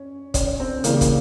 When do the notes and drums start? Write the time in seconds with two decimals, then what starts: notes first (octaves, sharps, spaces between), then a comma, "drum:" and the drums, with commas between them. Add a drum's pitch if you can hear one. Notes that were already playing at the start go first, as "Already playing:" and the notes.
Already playing: C#4
0.34 C#4, drum: kick, hi-hat
0.47 C#4
0.60 C4
0.84 C#3 E3 G3 A#3, drum: hi-hat
1.01 drum: kick, hi-hat